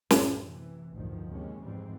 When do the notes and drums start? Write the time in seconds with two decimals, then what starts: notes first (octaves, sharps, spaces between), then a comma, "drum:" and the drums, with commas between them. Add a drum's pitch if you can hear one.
0.10 A1 F#2, drum: snare
0.45 C3 E3
0.94 A1 D2 G2 D#3 F3
1.29 D#2 C3 G#3 C#4
1.63 F2 G#2 E3 G3 C4